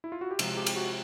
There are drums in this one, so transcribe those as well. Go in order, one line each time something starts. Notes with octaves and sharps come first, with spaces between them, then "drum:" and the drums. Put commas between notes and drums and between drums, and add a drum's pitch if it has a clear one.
E4
F4
F#4
G4
C3 F3 G#3 G#4, drum: cymbal
G4
drum: cymbal
F#4